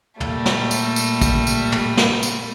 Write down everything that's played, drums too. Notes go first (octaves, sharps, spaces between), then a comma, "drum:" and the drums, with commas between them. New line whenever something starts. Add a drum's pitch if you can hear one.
A#2 G3 A3, drum: tom
drum: snare
drum: tambourine
drum: tambourine
drum: kick, tambourine
drum: tambourine
drum: tom
drum: snare
drum: tambourine